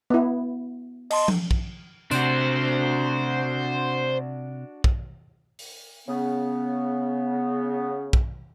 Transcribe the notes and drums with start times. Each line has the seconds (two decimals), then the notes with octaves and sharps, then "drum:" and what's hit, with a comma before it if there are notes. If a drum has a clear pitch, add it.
0.10 B3 E4
1.11 D#5 A5 C6, drum: cymbal
1.28 drum: tom F3
1.51 drum: kick
2.11 C3 D4 F#4 C5, drum: tambourine
4.84 drum: kick
5.59 drum: open hi-hat
6.08 C#3 B3
8.13 drum: kick